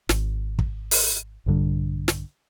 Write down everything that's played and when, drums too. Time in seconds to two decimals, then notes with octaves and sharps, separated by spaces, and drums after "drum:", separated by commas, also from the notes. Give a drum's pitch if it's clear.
0.09 G#1, drum: snare
0.59 drum: kick
0.91 drum: open hi-hat
1.46 A#1 G2 D3 G3
2.08 drum: snare